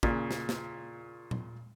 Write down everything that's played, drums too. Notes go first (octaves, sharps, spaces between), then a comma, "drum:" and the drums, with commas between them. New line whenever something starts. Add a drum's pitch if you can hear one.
A#2 C#3, drum: kick
drum: snare
drum: snare
drum: tom A#2